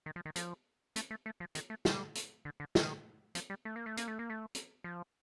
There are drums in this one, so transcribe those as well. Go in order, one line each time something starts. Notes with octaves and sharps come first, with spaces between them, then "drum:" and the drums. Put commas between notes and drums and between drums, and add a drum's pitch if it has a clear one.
D#3
F3
D#3
F3, drum: hi-hat
A3, drum: hi-hat
A3
A3
F3
D#3, drum: hi-hat
A3
G3, drum: snare
drum: hi-hat
D3
D3
D#3, drum: snare
F3, drum: hi-hat
G3
A3
A#3
A3
A#3, drum: hi-hat
A3
A#3
A3
drum: hi-hat
F3